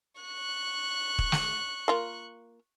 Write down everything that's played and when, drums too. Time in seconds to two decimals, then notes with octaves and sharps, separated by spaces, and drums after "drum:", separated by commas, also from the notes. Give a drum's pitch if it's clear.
0.21 C#6 F#6
1.19 drum: kick
1.32 drum: snare
1.88 A#3 F4